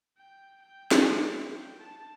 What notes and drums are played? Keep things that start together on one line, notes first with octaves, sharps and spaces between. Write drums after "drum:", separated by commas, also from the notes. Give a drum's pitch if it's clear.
G5
G5
drum: snare
G5
A5